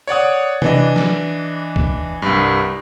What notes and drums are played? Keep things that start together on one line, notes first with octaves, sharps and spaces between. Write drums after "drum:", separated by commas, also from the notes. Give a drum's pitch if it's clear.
C#5 D5 F#5 D#6
E3 D4 D#5, drum: tom C3
drum: snare
drum: kick
C2 G2